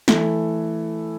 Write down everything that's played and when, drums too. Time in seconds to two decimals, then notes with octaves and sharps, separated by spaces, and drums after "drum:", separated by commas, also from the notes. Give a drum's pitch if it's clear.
0.08 E3 A3 E4 A4, drum: snare